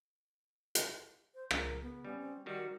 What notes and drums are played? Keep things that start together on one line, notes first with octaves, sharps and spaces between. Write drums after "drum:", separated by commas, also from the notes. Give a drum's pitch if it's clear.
drum: hi-hat
C5
C#3 A#4, drum: rim click
B3
G3 C#4
C4
D#3 G3 F#4 A#4